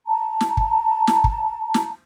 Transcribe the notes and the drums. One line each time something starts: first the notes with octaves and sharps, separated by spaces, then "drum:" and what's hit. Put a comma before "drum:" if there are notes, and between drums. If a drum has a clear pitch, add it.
A5 A#5
drum: snare
drum: kick
drum: snare
drum: kick
drum: snare